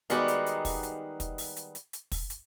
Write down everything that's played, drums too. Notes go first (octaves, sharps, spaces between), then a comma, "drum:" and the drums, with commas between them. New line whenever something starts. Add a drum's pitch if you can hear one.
D#3 G3 G#3 B3 D#4 F#4, drum: hi-hat
drum: hi-hat
drum: hi-hat
drum: kick, open hi-hat
drum: hi-hat
drum: kick, hi-hat
drum: open hi-hat
drum: hi-hat
drum: hi-hat
drum: hi-hat
drum: kick, open hi-hat
drum: hi-hat